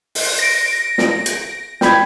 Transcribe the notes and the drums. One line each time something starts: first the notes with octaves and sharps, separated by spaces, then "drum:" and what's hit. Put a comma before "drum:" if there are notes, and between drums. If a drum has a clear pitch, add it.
drum: open hi-hat
A#6 D7
drum: snare
drum: hi-hat
G5 B5 G#6, drum: snare